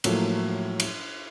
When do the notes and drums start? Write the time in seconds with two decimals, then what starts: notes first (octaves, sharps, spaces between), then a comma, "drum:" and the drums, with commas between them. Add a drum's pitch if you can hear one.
0.04 A2 F3 F#3 A3 A#3, drum: cymbal
0.80 drum: cymbal